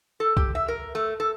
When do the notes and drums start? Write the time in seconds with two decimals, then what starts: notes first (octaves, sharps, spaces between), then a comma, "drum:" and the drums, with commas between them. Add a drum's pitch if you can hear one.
0.20 A4
0.37 G4, drum: kick
0.55 E5
0.68 A#4
0.95 A3
1.20 A4